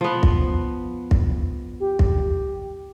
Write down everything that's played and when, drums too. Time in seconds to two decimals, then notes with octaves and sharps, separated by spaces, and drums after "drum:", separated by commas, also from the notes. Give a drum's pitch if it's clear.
0.01 F3 B3
0.23 drum: kick
1.11 drum: kick
1.80 G4
1.99 drum: kick